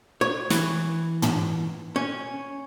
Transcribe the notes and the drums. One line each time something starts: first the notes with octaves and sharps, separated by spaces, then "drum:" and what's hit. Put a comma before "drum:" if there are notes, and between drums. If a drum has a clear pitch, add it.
C#5
E3, drum: snare
drum: tom
C#4